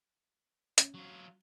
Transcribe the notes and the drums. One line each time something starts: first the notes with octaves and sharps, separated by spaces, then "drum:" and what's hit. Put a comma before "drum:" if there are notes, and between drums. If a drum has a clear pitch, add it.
C#4, drum: hi-hat
F#3 F4